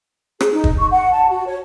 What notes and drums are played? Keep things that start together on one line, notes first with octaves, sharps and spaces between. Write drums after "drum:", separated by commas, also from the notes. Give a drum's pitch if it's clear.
G#4, drum: rim click
D#4
drum: kick
C#6
F#5
A5
F#4
C#5